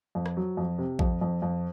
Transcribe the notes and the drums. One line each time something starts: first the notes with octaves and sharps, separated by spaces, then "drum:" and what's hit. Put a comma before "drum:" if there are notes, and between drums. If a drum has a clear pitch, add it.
F2
drum: rim click
F#3
F2
C3
F2, drum: kick A#1
F2
F2